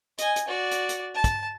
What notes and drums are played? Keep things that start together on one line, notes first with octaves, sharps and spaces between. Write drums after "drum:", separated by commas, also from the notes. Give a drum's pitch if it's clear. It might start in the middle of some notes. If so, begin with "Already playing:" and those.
D#5 G#5, drum: hi-hat
drum: hi-hat
F#4 D5
drum: hi-hat
drum: hi-hat
A5
drum: kick, hi-hat